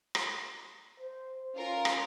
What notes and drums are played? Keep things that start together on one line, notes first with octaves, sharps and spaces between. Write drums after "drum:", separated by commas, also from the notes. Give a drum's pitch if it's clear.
drum: rim click
C5
C#4 F4 A#4
drum: rim click